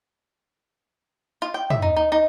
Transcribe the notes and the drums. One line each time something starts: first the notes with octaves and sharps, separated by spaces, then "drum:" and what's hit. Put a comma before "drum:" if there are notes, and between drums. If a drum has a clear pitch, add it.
F4
G5
E5, drum: tom
D#4
D#4
D#4